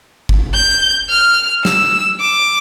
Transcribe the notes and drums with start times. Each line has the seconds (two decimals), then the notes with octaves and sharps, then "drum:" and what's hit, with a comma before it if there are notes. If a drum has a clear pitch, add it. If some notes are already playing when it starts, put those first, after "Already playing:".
0.29 drum: kick G1
0.54 G6
1.10 F6
1.65 E6, drum: snare
2.20 D6